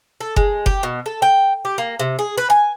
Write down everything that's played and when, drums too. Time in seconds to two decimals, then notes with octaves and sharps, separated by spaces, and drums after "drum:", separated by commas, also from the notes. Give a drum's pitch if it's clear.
0.21 A4
0.36 G#3, drum: kick F#1
0.66 G4, drum: kick F#1
0.83 B2
1.06 A4
1.22 G5
1.65 G4
1.78 A#3
2.00 C3
2.19 G#4
2.38 B4
2.50 G#5